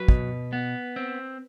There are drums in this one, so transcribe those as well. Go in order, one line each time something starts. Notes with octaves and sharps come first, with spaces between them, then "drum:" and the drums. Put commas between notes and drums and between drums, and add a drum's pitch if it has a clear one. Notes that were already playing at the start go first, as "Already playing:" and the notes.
Already playing: F#3 B4
B2, drum: kick
B3
C4